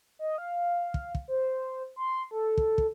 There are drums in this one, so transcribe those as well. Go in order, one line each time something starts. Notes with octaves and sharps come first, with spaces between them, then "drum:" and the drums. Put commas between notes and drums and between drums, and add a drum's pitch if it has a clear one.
D#5
F5
drum: kick
drum: kick
C5
C6
A4
drum: kick
drum: kick